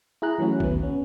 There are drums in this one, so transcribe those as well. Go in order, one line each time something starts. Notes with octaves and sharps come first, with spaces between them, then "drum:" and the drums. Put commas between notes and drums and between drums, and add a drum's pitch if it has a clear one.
E4 G#4 A#5 F#6
E3 F#3 A3 C#4 F#4
D#2 B3, drum: kick A#1
C#4